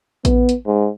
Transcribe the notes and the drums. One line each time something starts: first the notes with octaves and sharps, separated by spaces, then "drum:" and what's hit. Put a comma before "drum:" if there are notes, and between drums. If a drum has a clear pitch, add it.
B3, drum: kick A1, hi-hat
drum: hi-hat
G#2